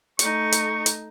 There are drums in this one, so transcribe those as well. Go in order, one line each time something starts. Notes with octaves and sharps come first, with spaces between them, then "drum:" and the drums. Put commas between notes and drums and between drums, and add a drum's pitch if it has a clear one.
A3 D#4 C#6, drum: hi-hat
drum: hi-hat
drum: hi-hat